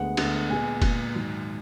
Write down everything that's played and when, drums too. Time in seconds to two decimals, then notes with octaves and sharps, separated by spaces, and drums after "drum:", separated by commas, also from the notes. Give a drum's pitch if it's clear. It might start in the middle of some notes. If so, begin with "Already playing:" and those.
Already playing: D2 D3 G#3 B3 F#5
0.17 D2 D3 G#3 B3, drum: cymbal
0.50 A#2 G#3 B3 G#5
0.82 A#2 G#3 B3, drum: kick F1, cymbal
1.15 G#2 D#3 F#3